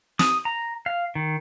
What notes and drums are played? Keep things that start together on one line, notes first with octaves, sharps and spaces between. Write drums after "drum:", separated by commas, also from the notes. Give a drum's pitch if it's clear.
D#6, drum: snare
A#5
F5
D#3